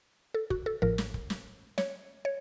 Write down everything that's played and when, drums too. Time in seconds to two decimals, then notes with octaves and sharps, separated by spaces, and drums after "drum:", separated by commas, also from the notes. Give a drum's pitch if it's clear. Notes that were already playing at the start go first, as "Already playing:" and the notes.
0.34 A4
0.50 F#4, drum: kick
0.66 A4
0.82 A1 A2 F3 A#4
0.98 drum: snare
1.14 drum: kick
1.30 drum: snare
1.78 C#5, drum: snare
2.25 C#5